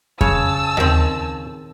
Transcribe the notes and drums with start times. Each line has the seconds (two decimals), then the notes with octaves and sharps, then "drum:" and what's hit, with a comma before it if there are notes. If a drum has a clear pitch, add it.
0.21 C#3 C#5 A5 E6, drum: kick F2
0.77 D#3 C4, drum: tom D#2